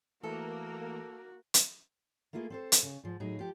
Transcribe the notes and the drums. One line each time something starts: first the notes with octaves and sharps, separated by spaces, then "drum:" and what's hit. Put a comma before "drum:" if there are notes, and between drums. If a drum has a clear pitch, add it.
E3 A3 A#3 F#4 A4 A#4
drum: hi-hat
A3 A#3 E4 F4 G#4
C4 A4 C5
drum: hi-hat
C#3
G#2 F3
A2 F#3 D#4 G#4
F3 G4